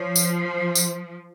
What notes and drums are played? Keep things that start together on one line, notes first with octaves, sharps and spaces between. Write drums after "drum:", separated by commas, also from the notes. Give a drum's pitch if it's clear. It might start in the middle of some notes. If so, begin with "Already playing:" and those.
Already playing: F3 C#5
drum: tambourine
C5
drum: tambourine